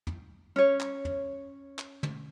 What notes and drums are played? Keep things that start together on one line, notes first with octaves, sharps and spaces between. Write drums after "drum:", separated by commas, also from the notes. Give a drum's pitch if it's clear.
drum: tom
C#4 C#5
drum: clap
drum: tom
drum: clap
drum: tom